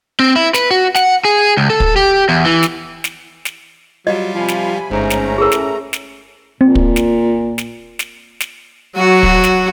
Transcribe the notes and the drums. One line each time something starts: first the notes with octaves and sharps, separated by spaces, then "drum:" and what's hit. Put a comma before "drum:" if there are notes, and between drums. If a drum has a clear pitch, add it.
C4
E4
B4, drum: snare
F#4
F#5, drum: snare
G#4
C#2
A4
drum: kick
G4
E2
E3
drum: snare
drum: snare
drum: snare
F#3 G3 F4 D#5
C3 F3 G#5 B5
drum: snare
G1 G#2 A3 C#4 A#5
drum: snare
A2 G#4 A#4
drum: snare
drum: snare
A#2 C4
drum: kick
drum: snare
drum: snare
drum: snare
drum: snare
F#3 F#4
drum: kick
drum: snare